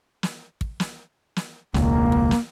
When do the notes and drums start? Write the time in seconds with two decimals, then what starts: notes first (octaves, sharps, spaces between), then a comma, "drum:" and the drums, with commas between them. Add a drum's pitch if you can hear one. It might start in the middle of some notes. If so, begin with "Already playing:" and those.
0.23 drum: snare
0.61 drum: kick
0.80 drum: snare
1.36 drum: snare
1.74 E1 C#2 A#3, drum: snare
2.12 drum: kick
2.31 drum: snare